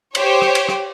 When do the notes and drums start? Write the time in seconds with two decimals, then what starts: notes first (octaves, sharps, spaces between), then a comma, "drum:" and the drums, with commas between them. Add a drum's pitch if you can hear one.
0.15 G4 C5 C#5, drum: cymbal
0.42 drum: rim click
0.55 drum: cymbal
0.69 drum: rim click